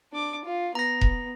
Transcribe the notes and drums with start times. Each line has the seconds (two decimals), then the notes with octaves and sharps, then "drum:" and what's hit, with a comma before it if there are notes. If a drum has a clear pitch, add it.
0.13 D4 D6
0.45 F4
0.75 B3 A#5 A#6
1.01 drum: kick E1